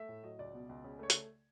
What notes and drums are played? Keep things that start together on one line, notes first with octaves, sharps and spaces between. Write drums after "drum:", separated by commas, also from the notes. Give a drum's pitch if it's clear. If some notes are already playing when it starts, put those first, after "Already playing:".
Already playing: A3 E5
A2
F#3 D#5
C#2 D5
B2
C#2
C#3
A3 C#5
drum: hi-hat